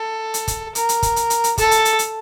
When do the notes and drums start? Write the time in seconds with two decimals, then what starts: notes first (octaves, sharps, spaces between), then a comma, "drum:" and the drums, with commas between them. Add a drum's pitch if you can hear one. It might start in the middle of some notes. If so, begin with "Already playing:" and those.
Already playing: A4
0.34 drum: hi-hat
0.48 drum: kick, hi-hat
0.75 A#4, drum: hi-hat
0.89 drum: hi-hat
1.03 drum: kick, hi-hat
1.16 drum: hi-hat
1.30 drum: hi-hat
1.44 drum: hi-hat
1.58 A4, drum: kick, hi-hat
1.71 drum: hi-hat
1.85 drum: hi-hat
1.99 drum: hi-hat